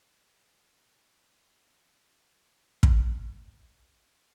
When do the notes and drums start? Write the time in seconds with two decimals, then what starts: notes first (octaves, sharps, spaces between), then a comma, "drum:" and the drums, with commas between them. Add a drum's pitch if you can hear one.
0.13 A#4
1.30 C5
1.89 C5
2.18 A4
2.48 A4
2.83 drum: kick
3.65 G4